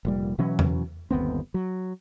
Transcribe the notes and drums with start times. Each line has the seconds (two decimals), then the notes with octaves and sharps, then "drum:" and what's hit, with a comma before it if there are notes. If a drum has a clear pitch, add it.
0.05 F1 A#2 G3
0.38 B2 E3 F#3 C#4
0.59 drum: tom E2
1.11 G1 D#2 B3 C4
1.54 F#3